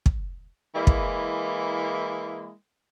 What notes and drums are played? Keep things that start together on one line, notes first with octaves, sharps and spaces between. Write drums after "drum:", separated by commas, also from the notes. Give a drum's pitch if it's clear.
drum: kick
E3 G#3 A#3 E4
drum: kick